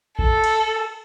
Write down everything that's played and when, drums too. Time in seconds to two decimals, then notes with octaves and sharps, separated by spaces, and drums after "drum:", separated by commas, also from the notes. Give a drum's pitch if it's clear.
0.19 A4, drum: kick
0.44 drum: cymbal